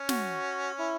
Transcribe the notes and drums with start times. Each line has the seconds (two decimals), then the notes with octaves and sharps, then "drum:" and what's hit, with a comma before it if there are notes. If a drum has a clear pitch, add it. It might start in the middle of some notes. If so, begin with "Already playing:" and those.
Already playing: C#4
0.09 F#4, drum: snare
0.79 E4